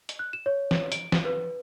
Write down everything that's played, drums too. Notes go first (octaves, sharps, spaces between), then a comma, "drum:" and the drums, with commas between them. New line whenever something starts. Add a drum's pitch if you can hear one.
drum: hi-hat
F#6
E7
C#5
drum: snare
D7, drum: hi-hat
drum: snare
B4